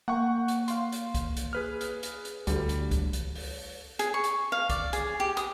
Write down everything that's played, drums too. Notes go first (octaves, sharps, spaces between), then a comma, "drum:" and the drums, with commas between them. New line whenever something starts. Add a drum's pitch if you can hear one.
A#3 F#5 G5 C#6
drum: hi-hat
F5 C6, drum: hi-hat
drum: hi-hat
drum: kick, hi-hat
drum: hi-hat
G#4 B4 F6
drum: hi-hat
drum: hi-hat
drum: hi-hat
D2 D3 G3, drum: hi-hat
drum: hi-hat
drum: kick, hi-hat
drum: hi-hat
drum: open hi-hat
G#4, drum: hi-hat
C#6
drum: hi-hat
F5
D5, drum: kick, hi-hat
G#4, drum: hi-hat
G4
D#6, drum: hi-hat